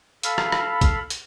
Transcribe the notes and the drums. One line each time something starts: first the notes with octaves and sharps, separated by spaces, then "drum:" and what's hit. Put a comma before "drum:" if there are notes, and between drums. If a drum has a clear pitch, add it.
A4 F5 B5, drum: hi-hat
drum: rim click
drum: rim click
drum: kick, hi-hat
drum: hi-hat